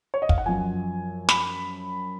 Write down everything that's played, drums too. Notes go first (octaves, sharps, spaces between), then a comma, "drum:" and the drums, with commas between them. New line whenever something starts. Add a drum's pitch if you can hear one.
C#5
D#5
F5, drum: kick
F#5
F#2 F3 G#5
B5, drum: snare